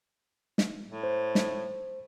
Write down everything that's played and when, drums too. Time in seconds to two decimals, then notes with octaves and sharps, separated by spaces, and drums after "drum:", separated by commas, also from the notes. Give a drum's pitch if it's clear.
0.58 drum: snare
0.87 A2
1.03 C5
1.35 drum: snare